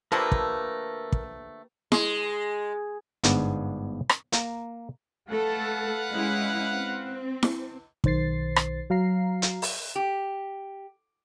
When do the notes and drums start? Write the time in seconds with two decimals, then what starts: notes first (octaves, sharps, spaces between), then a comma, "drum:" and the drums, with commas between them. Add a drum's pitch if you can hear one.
0.12 D3 F3 A3 A#3 G4 A#4 B4 E6
0.32 drum: kick
1.12 drum: kick
1.92 G#3, drum: snare E4
3.24 G1 G#2 B3 D4 D5, drum: hi-hat
4.09 drum: rim click
4.32 A#3 A#5, drum: hi-hat
5.28 A3 A4 B4 F5 F#5
6.12 G#3 C#4 E4
6.74 C4
7.43 drum: snare E4
8.04 B1 D#3 C5 A6 C7, drum: kick
8.56 drum: rim click
8.90 F#3 F5 A#5 C7
9.42 drum: hi-hat
9.62 drum: open hi-hat
9.96 G4